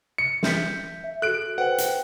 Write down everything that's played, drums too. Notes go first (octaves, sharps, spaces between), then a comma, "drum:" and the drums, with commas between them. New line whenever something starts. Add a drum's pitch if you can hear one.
C#7
E5 G6 B6, drum: snare
E5
F#4 G#4 A4 F#6 D7
B4 C5 F#5 G5
drum: hi-hat